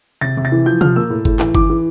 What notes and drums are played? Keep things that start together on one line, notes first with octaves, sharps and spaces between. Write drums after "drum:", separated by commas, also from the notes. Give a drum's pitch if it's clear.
C3 A6
C3
A6
E3
F3 G6
F3 F6, drum: tom
A#3 E6
A2
A2, drum: kick G1
E3, drum: clap
E3 D6, drum: kick G1
E3